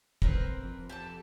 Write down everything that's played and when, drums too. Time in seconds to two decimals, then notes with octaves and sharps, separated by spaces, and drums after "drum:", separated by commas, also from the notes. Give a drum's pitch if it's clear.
0.22 C4 A#4 B4, drum: kick
0.62 F2
0.89 G4 A4 A5